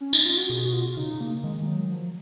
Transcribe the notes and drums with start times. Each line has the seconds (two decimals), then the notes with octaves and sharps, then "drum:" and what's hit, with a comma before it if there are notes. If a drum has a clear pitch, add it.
0.01 C#4
0.13 D#4, drum: tambourine
0.26 F4
0.37 F#4
0.50 B2 G#4
0.65 F#4
0.73 F4
0.92 F4
0.97 C#3 D#4
1.21 A#3
1.44 D#3 G#3
1.61 G#3
1.67 F#3
1.91 F3